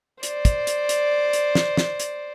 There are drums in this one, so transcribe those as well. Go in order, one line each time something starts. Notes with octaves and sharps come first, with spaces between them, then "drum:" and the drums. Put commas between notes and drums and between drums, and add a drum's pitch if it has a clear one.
C5 D5, drum: hi-hat
drum: kick, hi-hat
drum: hi-hat
drum: hi-hat
drum: hi-hat
drum: snare
drum: snare
drum: hi-hat